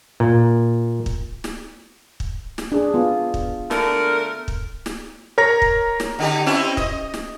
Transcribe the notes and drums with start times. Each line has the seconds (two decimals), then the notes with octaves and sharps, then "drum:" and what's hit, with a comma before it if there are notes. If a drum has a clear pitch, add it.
0.20 A#2
1.06 drum: kick
1.44 drum: snare
2.20 drum: kick
2.58 drum: snare
2.72 D4 G#4
2.94 B3 F4
3.34 drum: kick
3.71 D3 A3 A#4, drum: snare
4.48 drum: kick
4.86 drum: snare
5.38 A#4 C#5 A#5 A#6
5.62 drum: kick
6.00 drum: snare
6.19 D3 D#4 G4
6.46 C4 C#4 E4
6.77 D#5, drum: kick
7.14 drum: snare